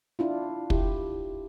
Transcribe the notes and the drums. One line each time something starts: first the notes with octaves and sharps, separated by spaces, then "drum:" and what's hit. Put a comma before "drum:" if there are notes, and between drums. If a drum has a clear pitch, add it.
D4 E4 F4
E4 G4, drum: kick